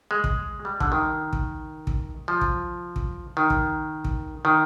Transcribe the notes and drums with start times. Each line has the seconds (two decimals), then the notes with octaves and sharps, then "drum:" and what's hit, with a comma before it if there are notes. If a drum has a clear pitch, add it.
0.11 G#3
0.24 drum: kick
0.65 G3
0.80 D3, drum: kick
0.92 D#3
1.33 drum: kick
1.87 drum: kick
2.28 F3
2.41 drum: kick
2.96 drum: kick
3.37 D#3
3.50 drum: kick
4.05 drum: kick
4.45 D#3